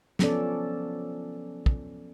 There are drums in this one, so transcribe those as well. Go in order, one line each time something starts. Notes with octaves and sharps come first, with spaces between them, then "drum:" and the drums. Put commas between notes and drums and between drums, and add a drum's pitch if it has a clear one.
F3 F#3 B3 C#4 A4 D5, drum: snare
drum: kick